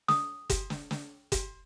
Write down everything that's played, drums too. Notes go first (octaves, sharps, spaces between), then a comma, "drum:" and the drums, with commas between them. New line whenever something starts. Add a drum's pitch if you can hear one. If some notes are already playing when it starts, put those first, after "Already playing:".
D#6, drum: snare
drum: kick F#1, hi-hat
drum: snare
drum: snare
drum: kick F#1, hi-hat